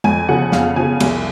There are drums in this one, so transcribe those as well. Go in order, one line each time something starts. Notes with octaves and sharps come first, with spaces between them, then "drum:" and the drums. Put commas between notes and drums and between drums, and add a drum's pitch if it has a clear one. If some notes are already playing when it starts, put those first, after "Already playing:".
F2 G#5, drum: tom G#3
C#3 F3 F#5
F2 F5, drum: snare
C#3 F3 G#5
C2, drum: cymbal